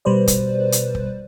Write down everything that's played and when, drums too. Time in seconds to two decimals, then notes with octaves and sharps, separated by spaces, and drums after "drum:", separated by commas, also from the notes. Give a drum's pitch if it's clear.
0.05 B2 G3 B4 C5 D5
0.27 drum: kick, hi-hat
0.72 drum: hi-hat
0.95 drum: kick